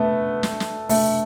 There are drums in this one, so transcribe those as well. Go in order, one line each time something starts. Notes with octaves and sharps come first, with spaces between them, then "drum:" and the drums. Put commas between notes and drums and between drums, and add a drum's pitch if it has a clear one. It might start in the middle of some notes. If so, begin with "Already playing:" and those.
Already playing: A3 B3
drum: snare
drum: snare
A3, drum: open hi-hat